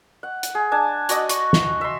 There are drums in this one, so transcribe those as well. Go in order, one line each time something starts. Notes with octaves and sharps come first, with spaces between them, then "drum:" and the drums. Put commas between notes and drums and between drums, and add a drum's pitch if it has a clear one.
F#5
drum: hi-hat
G#4
D4 G#5 A5
F#4 D5 D#5, drum: hi-hat
C#6, drum: hi-hat
drum: snare
E5 C6